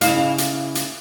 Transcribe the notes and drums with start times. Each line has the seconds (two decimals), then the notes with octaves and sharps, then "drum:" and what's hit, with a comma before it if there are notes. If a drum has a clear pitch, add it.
0.01 C#3 E4 F5, drum: hi-hat
0.38 drum: hi-hat
0.75 drum: hi-hat